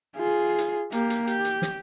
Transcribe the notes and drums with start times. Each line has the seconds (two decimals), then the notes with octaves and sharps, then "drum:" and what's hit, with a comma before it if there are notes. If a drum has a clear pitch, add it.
0.17 F4 G#4
0.58 drum: hi-hat
0.92 A#3 G4, drum: hi-hat
1.10 drum: hi-hat
1.27 G4, drum: hi-hat
1.45 drum: hi-hat
1.62 drum: snare